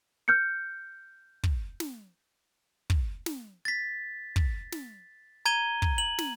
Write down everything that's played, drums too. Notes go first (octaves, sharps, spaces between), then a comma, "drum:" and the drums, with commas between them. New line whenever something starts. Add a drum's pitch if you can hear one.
F6 G6 C#7
drum: kick
drum: snare
drum: kick
drum: snare
A6 B6
drum: kick
drum: snare
A#5 G#6 D#7 G7
drum: kick
F#7
drum: snare